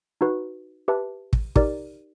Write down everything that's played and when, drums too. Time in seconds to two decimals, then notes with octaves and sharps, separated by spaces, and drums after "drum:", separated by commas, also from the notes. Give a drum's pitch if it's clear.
0.21 D#4 F#4 B4
0.88 G4 B4 E5 A5
1.33 drum: kick
1.56 D#4 G4 A#4 D5, drum: kick